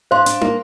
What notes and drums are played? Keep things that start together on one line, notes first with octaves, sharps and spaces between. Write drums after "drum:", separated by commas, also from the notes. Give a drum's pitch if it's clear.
D4 C5 F5 C6
D4, drum: hi-hat
A#3, drum: tom